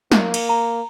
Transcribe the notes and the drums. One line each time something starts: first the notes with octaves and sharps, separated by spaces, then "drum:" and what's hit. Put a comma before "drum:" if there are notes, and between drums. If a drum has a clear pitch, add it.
A#3, drum: snare
drum: cymbal
A#5